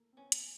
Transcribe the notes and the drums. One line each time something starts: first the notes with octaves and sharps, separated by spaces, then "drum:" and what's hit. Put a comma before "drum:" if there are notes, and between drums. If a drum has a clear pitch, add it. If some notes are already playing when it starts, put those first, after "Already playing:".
Already playing: A3 A#3
C4
B3 C#4
drum: hi-hat